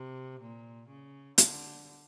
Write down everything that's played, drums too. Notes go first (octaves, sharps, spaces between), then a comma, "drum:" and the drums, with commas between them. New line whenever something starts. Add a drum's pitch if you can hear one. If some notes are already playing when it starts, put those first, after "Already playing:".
Already playing: C3
A#2
C#3
D3, drum: hi-hat